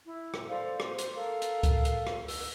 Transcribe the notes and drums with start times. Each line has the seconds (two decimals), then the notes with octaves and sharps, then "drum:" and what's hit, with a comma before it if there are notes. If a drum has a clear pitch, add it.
0.05 E4
0.34 drum: rim click
0.48 A4 C5 D5 F5
0.80 C5, drum: rim click
0.99 drum: hi-hat
1.14 A4 A#4 F5
1.42 drum: hi-hat
1.63 drum: kick C#2, hi-hat
1.85 drum: hi-hat
2.07 drum: rim click
2.28 E6, drum: open hi-hat